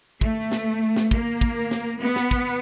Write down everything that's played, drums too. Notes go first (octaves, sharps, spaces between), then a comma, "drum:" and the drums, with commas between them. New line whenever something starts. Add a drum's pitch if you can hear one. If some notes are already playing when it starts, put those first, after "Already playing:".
A3, drum: kick
drum: snare
drum: snare
A#3, drum: kick
drum: kick
drum: snare
B3
drum: snare
drum: kick